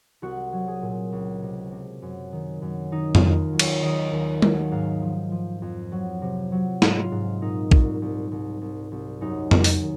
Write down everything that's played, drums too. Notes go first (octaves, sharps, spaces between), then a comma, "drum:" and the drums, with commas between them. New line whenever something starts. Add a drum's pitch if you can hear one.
C2 F#4
F#3
G#4
A#2
C#2
C3
C3
F#2
D#3
F#2
D#3 D#4
F4, drum: tom F2
D#2
F#3
C#5, drum: cymbal
D#3 D#5
D#2
F#3, drum: tom G3
G#2 F5
F3
F3
F2
F#3
C3
F#3
G#2, drum: snare
F4
G#2
A#2 D#4
C2, drum: kick A#1
C2
C2
C2
C2
F#2 D#4
F#2, drum: tom F2
drum: open hi-hat
D#3